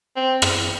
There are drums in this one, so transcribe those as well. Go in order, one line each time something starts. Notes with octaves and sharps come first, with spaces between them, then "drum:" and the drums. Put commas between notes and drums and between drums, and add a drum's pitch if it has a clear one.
C4
drum: rim click